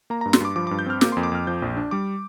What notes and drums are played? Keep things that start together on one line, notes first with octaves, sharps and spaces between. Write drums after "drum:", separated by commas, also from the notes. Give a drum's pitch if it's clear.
A#3 A#5
G2 A#5
C6, drum: snare
G2 D6
F3 D6
G2 D6
G6
C4 F6
A#3 D6, drum: snare
F2 C6
D6
F2 F6
F3 G6
A#1
D4
G3 D6